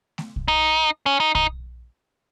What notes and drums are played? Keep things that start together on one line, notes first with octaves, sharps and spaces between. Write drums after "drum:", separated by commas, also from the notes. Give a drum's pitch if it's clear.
drum: snare A3
drum: kick
D#4
C#4
D#4
D#4, drum: kick